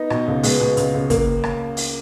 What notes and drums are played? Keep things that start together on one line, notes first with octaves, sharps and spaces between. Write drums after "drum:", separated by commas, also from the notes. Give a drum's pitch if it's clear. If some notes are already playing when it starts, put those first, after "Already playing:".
Already playing: B3 D#4
B2, drum: rim click
C#2
B2 G#3 B3, drum: open hi-hat
B2
C#2, drum: hi-hat
C#2
A#3, drum: kick, hi-hat
drum: rim click
drum: open hi-hat